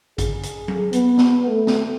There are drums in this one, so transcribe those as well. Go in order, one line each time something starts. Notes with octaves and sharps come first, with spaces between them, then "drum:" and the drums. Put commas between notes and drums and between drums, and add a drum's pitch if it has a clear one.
G#4, drum: kick A1, hi-hat
drum: hi-hat
drum: tom F#3
B3, drum: hi-hat
drum: snare
A3
drum: snare